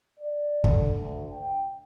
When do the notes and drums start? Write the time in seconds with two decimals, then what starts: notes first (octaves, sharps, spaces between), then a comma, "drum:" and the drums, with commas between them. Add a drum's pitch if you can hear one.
0.20 D5
0.64 D3, drum: kick
0.96 D2
1.33 G5